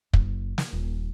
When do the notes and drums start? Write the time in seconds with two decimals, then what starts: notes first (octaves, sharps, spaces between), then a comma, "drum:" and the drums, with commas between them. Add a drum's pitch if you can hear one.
0.13 F#1, drum: kick
0.58 drum: snare
0.73 D#1